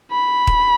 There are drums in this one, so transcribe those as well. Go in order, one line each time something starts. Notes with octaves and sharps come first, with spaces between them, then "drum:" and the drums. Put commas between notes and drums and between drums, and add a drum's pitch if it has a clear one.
B5
drum: kick